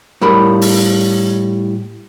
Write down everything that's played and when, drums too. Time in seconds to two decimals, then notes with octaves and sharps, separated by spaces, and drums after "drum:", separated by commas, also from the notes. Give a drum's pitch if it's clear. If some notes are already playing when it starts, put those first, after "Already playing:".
0.21 A2 G3 A#4 B5
0.61 drum: open hi-hat